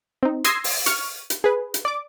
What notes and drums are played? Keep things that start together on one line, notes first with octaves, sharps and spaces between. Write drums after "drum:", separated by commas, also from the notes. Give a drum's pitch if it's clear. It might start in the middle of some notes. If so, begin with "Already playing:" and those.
C4 D#4
C6 D#6 E6 G#6 A#6 C7, drum: hi-hat
drum: open hi-hat
C#6 F6, drum: hi-hat
drum: hi-hat
G#4 B4
drum: hi-hat
D5 D6